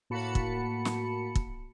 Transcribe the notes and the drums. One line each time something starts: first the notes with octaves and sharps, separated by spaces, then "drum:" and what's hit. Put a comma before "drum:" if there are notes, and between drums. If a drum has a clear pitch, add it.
A2 A#3 F#4 A5 B5 C#7
drum: kick
drum: snare
drum: kick